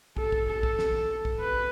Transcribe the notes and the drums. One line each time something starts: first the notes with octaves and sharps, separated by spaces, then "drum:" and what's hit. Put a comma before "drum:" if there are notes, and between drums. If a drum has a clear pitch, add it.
A4, drum: kick
drum: kick
A4
drum: kick
drum: snare
drum: kick
B4